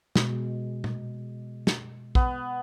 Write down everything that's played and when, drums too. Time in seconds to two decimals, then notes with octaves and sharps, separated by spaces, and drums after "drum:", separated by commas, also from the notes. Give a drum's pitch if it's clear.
0.15 B2 G#3, drum: snare
0.84 drum: tom
1.67 drum: snare
2.15 B3, drum: kick